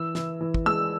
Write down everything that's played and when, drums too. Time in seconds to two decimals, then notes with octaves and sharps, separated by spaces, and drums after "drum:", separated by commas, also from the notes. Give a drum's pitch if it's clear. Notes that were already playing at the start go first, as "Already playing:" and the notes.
Already playing: E3 E6
0.15 E3, drum: snare
0.41 E3
0.54 drum: kick
0.66 G#3 E6